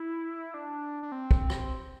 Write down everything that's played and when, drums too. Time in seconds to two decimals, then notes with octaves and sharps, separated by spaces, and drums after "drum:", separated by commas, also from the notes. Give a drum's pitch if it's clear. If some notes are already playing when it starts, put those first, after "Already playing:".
Already playing: E4
0.54 D4
1.03 D4
1.12 C4
1.31 drum: kick
1.50 drum: rim click